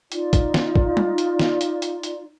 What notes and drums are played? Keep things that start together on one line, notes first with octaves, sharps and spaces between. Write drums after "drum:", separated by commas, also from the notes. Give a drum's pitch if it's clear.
D#4 F4 D5, drum: hi-hat
drum: kick, hi-hat
drum: snare
drum: kick
drum: tom G3
drum: hi-hat
drum: snare
drum: hi-hat
drum: hi-hat
drum: hi-hat